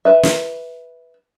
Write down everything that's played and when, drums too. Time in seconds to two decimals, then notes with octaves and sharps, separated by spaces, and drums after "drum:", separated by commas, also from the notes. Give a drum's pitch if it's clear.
0.05 B4 E5
0.23 drum: snare